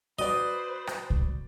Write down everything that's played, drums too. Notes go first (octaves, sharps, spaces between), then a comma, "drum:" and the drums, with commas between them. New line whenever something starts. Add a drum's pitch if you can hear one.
F#4 B4 C5 D5 D#5
drum: rim click
drum: kick C2